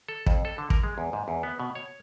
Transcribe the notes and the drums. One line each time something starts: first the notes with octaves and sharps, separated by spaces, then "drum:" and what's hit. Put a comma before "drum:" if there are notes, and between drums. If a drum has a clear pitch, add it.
A4
F2, drum: kick
A4
D3
A#4, drum: kick
G#3
E2
G#2
E2
B3
B2
C#5